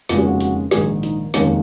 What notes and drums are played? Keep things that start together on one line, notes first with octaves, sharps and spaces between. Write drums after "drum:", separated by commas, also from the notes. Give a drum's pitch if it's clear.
F1 D#2 C#3 G#3 F4, drum: snare
G#4
F#4
F#4, drum: hi-hat
A#1 G#2 D#3 G#4, drum: snare
D#4, drum: hi-hat
F1 D#2 D#3 G#3 C#4, drum: snare